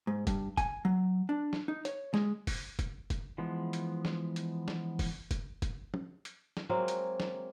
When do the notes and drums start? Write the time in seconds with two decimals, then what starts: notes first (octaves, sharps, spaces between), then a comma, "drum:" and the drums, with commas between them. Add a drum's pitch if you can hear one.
0.07 G#2
0.27 G2, drum: kick, hi-hat
0.57 G#5, drum: kick, hi-hat
0.85 F#3
1.29 D4
1.53 drum: snare
1.68 D#4
1.85 C#5, drum: hi-hat
2.14 G#3, drum: snare
2.47 drum: kick, open hi-hat
2.79 drum: kick, hi-hat
3.10 drum: kick, hi-hat
3.38 E3 F3 G#3 B3
3.73 drum: hi-hat
4.05 drum: snare
4.36 drum: hi-hat
4.68 drum: snare
4.99 drum: kick, open hi-hat
5.31 drum: kick, hi-hat
5.62 drum: kick, hi-hat
5.94 drum: tom
6.25 drum: hi-hat
6.57 drum: snare
6.69 F#3 G#3 A#3 C4
6.88 drum: hi-hat
7.20 drum: snare